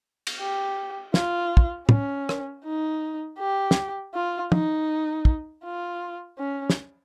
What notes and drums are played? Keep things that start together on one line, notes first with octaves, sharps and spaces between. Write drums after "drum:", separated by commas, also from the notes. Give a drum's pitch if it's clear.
drum: cymbal
G4
F4, drum: snare
drum: kick
C#4, drum: tom
drum: rim click
D#4
G4
drum: snare
F4
D#4, drum: tom
drum: kick
F4
C#4
drum: snare